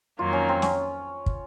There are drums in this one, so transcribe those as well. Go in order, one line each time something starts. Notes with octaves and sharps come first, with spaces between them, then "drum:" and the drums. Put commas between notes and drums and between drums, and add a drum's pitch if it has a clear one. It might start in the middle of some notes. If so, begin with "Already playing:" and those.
F2 D#3 F#3 A#3 F4
C#4
C4
C#4, drum: snare
drum: kick